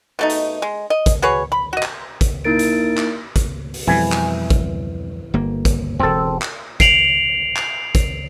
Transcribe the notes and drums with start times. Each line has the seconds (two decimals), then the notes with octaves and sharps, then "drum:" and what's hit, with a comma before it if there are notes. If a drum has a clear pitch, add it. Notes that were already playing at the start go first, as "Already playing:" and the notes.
0.19 B2 A3 D#4
0.30 drum: hi-hat
0.62 G#3
0.90 D#5
1.06 drum: kick, hi-hat
1.22 F#4 G#4 B4 C#5
1.52 B5
1.73 F#4 D#5
1.83 drum: clap
2.21 drum: kick, hi-hat
2.45 A#3 D#4 E4 A#4 A6 D7
2.59 drum: hi-hat
2.97 drum: clap
3.36 drum: kick, hi-hat
3.74 drum: open hi-hat
3.87 F2 B2 E3 G3 G#5
4.12 drum: clap
4.50 drum: kick, hi-hat
5.34 G1 A#3
5.65 drum: kick, hi-hat
6.00 E1 E2 C4 A4
6.42 drum: clap
6.80 C7 D7 F7 F#7, drum: kick, hi-hat
7.56 drum: clap
7.95 drum: kick, hi-hat